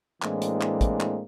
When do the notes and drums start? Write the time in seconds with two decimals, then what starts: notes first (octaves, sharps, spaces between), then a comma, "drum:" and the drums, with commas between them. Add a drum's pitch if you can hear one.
0.22 A2 E3 G#3 A#3 C4 D4, drum: clap
0.42 drum: hi-hat
0.61 drum: clap
0.81 drum: kick, hi-hat
1.00 drum: clap